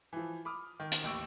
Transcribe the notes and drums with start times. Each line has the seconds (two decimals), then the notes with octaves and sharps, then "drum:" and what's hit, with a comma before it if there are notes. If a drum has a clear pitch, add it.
0.13 E3 F3
0.45 B5 D6 D#6 F6
0.80 D#3
0.92 drum: hi-hat
1.03 A1 D#2 C#6 E6 D7